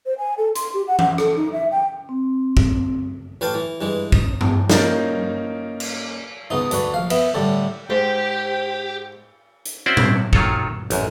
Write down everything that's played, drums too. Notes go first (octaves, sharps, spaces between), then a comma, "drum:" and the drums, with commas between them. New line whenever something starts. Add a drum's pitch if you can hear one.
C5
G#5
A4
C6, drum: hi-hat
G4
F#5
F#5, drum: tom E3
A4, drum: rim click
D#4
E5
G5
C4
drum: kick
A1 B4 F5 G5 A5
E3
G2 E3 G#3
D#6, drum: kick
drum: tom
A#3 C#4 D#4 A#4 G6 A6, drum: snare
drum: cymbal
C#2 B3 D#4
D2 D3 B4 C#6, drum: hi-hat
A#1 F5
B3 B4 E5, drum: cymbal
A2 D3 G3
G#2 G4 C5 G5
drum: hi-hat
C4 C#4 E4 F#4 C5 D5
drum: tom A#2
D#3 F#3 F4 A4 C#5, drum: kick
A1 F#2, drum: hi-hat